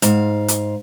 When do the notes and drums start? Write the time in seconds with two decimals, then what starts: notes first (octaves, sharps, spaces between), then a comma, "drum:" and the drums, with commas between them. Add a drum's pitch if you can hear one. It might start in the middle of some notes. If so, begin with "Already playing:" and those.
0.02 G#2 F5, drum: hi-hat
0.48 drum: hi-hat